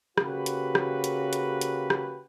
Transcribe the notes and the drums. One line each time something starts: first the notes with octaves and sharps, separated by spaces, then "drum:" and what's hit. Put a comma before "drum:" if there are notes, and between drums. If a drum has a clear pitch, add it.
C#3 A#3 F#4 G4 B4, drum: rim click
drum: hi-hat
drum: rim click
drum: hi-hat
drum: hi-hat
drum: hi-hat
drum: rim click